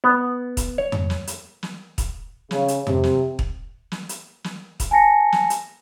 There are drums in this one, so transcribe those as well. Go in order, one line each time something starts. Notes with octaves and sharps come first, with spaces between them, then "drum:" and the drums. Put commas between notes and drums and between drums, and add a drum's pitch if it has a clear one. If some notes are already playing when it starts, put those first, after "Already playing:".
B3
drum: kick, hi-hat
C#5
drum: tom F2
drum: snare
drum: hi-hat
drum: snare
drum: kick, hi-hat
C#3, drum: snare
drum: hi-hat
C3, drum: tom F2
drum: snare
drum: kick
drum: snare
drum: hi-hat
drum: snare
drum: kick, hi-hat
G#5 A5 A#6 C#7
drum: snare
drum: hi-hat